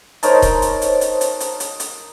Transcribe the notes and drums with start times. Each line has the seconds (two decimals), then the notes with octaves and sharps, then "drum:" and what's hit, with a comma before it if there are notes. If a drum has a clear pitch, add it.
0.23 D#4 A#4 C5 C#5 A5, drum: hi-hat
0.42 drum: kick D#1, hi-hat
0.62 drum: hi-hat
0.82 drum: hi-hat
1.01 drum: hi-hat
1.21 drum: hi-hat
1.40 drum: hi-hat
1.60 drum: hi-hat
1.80 drum: hi-hat